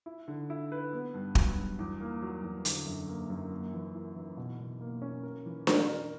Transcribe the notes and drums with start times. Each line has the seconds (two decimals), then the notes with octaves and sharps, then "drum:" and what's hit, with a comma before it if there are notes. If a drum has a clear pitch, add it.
0.06 E4
0.28 D3
0.50 E4
0.72 B4
0.93 B3
1.14 G2
1.35 F#3, drum: kick
1.58 G2
1.79 E2
2.01 A#3
2.22 F#3
2.44 E2
2.65 D3, drum: hi-hat
2.87 F#2
3.08 A#3
3.30 F#2
3.51 A#3
3.73 E3
3.95 E4
4.16 E3
4.37 B2
4.59 B2
4.81 A#3
5.02 C#4
5.24 A#4
5.46 E3
5.67 A#4, drum: snare D4
5.88 A#4